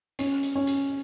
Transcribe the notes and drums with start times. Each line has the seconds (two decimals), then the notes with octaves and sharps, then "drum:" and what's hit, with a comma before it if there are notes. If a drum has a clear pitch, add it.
0.19 C#4, drum: hi-hat
0.43 drum: hi-hat
0.55 C#4
0.67 drum: hi-hat